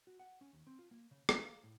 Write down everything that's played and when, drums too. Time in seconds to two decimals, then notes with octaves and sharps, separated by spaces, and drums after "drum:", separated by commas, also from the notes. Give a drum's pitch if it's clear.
0.07 F#4
0.19 F#5
0.41 C#4
0.53 D#2
0.67 C4
0.79 F4
0.91 A#3
1.11 C#3
1.29 D4, drum: rim click
1.46 F5
1.63 A2